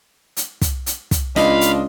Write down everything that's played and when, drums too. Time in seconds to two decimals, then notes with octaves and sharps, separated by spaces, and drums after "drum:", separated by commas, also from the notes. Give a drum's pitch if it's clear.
0.37 drum: hi-hat
0.62 drum: kick, hi-hat
0.86 drum: hi-hat
1.11 drum: kick, hi-hat
1.36 C#2 D4 F4 D#5 F5 B5, drum: snare
1.61 drum: hi-hat